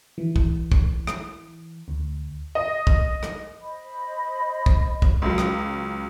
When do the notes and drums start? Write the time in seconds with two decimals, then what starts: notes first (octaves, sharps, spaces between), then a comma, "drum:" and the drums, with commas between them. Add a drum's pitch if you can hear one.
0.18 E3
0.36 drum: kick
0.72 drum: kick
1.07 drum: rim click
1.88 D2
2.55 D#5
2.87 drum: kick
3.23 drum: rim click
3.60 C5 D#5 B5
4.66 drum: kick
5.02 drum: kick
5.22 C#2 F#3
5.38 drum: rim click